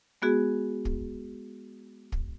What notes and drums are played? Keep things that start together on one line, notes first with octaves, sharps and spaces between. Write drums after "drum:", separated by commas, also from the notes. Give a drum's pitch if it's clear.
G#3 B3 F#4 G#4
drum: kick
drum: kick